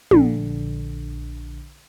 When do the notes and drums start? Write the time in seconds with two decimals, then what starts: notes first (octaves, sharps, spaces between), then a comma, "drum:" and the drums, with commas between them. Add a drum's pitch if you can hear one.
0.11 A#1 D3, drum: tom